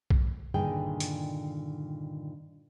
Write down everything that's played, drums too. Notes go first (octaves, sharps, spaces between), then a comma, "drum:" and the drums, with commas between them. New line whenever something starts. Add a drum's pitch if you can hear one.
drum: kick
G2 A#2 D3 D#3 G#4 G5
drum: hi-hat